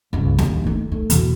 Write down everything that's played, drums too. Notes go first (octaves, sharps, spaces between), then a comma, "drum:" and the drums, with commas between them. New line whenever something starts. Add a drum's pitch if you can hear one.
C#2 G2
A#1 D#2, drum: snare
A3 D#4
A3
E2 B2, drum: hi-hat